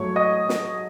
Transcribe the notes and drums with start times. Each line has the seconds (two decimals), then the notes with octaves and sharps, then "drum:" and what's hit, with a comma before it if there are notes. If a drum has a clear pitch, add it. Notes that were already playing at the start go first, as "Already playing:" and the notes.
Already playing: G#2 F#3 A3 C#5 C#6
0.16 D#5 D#6
0.49 drum: snare